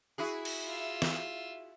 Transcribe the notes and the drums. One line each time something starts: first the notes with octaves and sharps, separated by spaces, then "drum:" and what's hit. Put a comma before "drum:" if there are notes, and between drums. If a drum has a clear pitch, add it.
E4 F#4 G#4
drum: cymbal
F4 E5
drum: snare